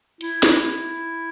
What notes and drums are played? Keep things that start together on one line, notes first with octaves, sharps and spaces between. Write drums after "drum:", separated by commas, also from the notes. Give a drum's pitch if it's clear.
E4, drum: hi-hat
drum: snare